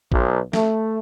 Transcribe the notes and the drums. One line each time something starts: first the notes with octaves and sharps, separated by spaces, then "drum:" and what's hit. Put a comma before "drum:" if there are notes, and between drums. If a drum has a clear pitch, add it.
B1, drum: kick
A3, drum: snare